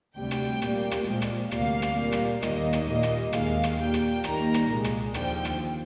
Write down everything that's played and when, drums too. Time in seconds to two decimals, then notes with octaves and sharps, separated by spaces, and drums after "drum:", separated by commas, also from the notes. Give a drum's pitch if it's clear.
0.16 D2 C3 G3 G5
0.31 drum: rim click
0.62 A#2 G3 A#3, drum: rim click
0.91 drum: rim click
1.07 A#2 F3 G#3
1.22 drum: rim click
1.51 D2 C3 G3 A#3 F5, drum: rim click
1.82 drum: rim click
1.97 A#2 G3 A#3
2.12 drum: rim click
2.42 D#2 D#3 G3 A#3 D#5, drum: rim click
2.73 drum: rim click
2.88 A#2 G3 A#3 D#5
3.03 drum: rim click
3.33 D#2 D#3 G#3 F5, drum: rim click
3.63 drum: rim click
3.79 A#2 G3 A#3 G5
3.94 drum: rim click
4.24 D#2 D#3 G3 A#3 A#5, drum: rim click
4.54 drum: rim click
4.70 C2 A#2 G#3
4.84 drum: rim click
5.14 D#2 D3 F3 G5, drum: rim click
5.45 drum: rim click